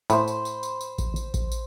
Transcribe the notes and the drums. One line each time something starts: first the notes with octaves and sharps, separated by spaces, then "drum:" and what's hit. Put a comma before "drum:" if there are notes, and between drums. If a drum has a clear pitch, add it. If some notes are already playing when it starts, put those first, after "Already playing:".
A2 C5 B5, drum: tambourine
drum: tambourine
drum: tambourine
drum: tambourine
drum: tambourine
drum: kick A1, tambourine
drum: tambourine
drum: kick A1, tambourine
drum: tambourine